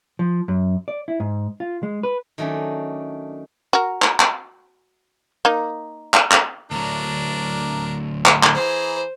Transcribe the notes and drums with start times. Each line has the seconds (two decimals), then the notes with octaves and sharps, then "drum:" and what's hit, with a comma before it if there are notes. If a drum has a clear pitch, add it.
0.19 F3
0.48 F#2
0.88 D5
1.08 E4
1.20 G#2
1.60 F4
1.83 G#3
2.03 B4
2.38 D#3 F#3 A3 C#4 D4
3.73 F#4 A#4
4.02 drum: clap
4.20 drum: clap
5.45 A#3 D#4
6.14 drum: clap
6.31 drum: clap
6.71 D2 F#3 D4 A#4
8.25 drum: clap
8.43 drum: clap
8.54 E3 G#4 C5 A#5